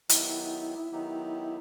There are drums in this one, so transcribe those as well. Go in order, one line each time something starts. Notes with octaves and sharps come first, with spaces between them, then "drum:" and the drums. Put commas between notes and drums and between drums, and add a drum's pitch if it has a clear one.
D#3 F#3 B3 D#4 E4 G4, drum: hi-hat
D#3 F#3 B3 D#4 G4